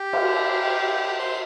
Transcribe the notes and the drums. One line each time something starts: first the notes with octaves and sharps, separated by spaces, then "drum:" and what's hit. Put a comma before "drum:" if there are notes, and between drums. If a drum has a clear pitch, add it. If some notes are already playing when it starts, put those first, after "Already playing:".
Already playing: G4
drum: cymbal
C5